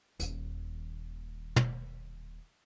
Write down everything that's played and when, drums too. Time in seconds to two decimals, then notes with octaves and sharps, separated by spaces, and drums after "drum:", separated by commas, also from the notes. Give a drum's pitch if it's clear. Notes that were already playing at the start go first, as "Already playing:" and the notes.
0.19 D#1 D#2, drum: hi-hat
1.56 drum: tom